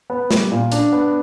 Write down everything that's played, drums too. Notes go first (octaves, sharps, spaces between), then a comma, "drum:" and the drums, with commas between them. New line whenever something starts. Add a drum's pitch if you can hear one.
B3
G3, drum: snare
A#2
D4, drum: hi-hat
B3